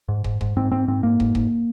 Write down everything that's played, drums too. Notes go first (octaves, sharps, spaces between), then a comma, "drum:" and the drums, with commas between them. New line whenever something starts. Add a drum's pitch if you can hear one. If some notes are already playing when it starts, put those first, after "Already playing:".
G#2
G#2, drum: kick
G#2, drum: kick
G#2 C4
G#2 C4
G#2 C4
G#2 A#3
G#2, drum: kick
G#2, drum: kick